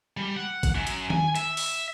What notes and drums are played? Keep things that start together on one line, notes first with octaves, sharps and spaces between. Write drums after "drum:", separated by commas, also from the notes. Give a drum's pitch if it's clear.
G3
F#5
drum: kick G#1, hi-hat
F#2
drum: hi-hat
G#5, drum: tom D#3
E5, drum: hi-hat
drum: open hi-hat